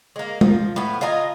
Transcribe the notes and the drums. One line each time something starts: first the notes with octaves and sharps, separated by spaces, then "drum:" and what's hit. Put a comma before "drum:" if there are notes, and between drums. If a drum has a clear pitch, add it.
G#3 A#3
F3, drum: tom
A2 B3
F4 D#5 G#5 A#5